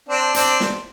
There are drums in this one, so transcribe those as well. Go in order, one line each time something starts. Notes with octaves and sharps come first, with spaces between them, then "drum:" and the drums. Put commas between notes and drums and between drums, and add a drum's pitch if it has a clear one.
C4 D4
C4 D4, drum: hi-hat
drum: snare